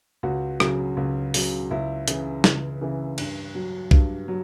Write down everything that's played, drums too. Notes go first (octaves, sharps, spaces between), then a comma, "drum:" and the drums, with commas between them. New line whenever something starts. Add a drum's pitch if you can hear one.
C#2 F#4
C#3 F#3, drum: rim click
C#2
C#3 F#3, drum: open hi-hat
C#2 E4
C#3 E3, drum: hi-hat
C#2, drum: snare
C#3 E3
G2, drum: cymbal
F#3
G2, drum: kick
F#3